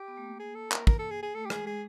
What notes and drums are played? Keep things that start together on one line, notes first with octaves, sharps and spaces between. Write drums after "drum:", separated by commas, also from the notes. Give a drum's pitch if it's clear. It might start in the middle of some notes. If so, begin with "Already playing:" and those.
Already playing: G4
B3
A3
A#3
G#4
A4
A#4, drum: clap
A#4, drum: kick
A4
G#4
G#4
A3 A4
G4
G#3 G#4, drum: rim click
G#3 G#4